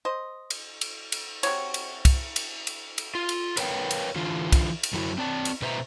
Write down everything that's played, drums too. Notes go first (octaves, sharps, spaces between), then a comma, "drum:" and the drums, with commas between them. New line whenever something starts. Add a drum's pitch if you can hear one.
C5 D#5
drum: cymbal
drum: cymbal
drum: cymbal
C3 F#4 C#5, drum: cymbal
drum: cymbal
drum: kick, cymbal
drum: cymbal
drum: cymbal
drum: cymbal
F4
drum: cymbal
A#4 B4 C#5 F5 G5, drum: cymbal
drum: cymbal
D3 E3 F4
drum: kick, cymbal
drum: cymbal
F#2 F#3 E4
C4 D5 A5
drum: cymbal
B2 B4 C5 E5 G#5 A#5